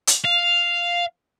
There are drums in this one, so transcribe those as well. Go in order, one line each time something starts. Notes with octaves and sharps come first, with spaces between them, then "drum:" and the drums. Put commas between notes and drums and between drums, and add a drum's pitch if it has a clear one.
drum: hi-hat
F5